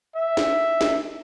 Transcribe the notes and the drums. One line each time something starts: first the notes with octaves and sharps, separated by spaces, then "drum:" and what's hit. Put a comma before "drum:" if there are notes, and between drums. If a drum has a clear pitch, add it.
E5
drum: snare
drum: snare